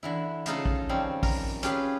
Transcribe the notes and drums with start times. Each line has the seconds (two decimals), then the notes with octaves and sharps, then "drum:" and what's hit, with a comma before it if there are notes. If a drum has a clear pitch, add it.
0.03 D3 E3 E4
0.46 C#3 D#4 F4 A4, drum: hi-hat
0.65 drum: kick
0.89 D#3 F3 G3 C4 C#4
1.23 A#4, drum: kick, open hi-hat
1.63 C#4 F4 G4 G#4 B4, drum: hi-hat